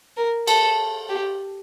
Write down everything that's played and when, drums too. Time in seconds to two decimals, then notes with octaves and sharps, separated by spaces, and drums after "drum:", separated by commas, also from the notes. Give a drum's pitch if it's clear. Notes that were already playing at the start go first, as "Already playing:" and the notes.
0.17 A#4
0.48 A4, drum: cymbal
1.09 G4